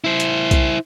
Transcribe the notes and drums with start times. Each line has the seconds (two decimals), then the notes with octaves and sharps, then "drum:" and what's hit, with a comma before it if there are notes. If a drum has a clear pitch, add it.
0.04 E4 C5
0.20 drum: hi-hat
0.51 drum: kick B1, hi-hat